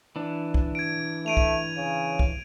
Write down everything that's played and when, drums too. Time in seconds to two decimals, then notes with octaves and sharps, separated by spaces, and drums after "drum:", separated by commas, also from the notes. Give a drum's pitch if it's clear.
0.16 E3 D4
0.54 drum: kick
0.75 G#6 D7
1.26 A3 D7 D#7 F7
1.37 drum: kick
1.77 C#3
2.19 drum: kick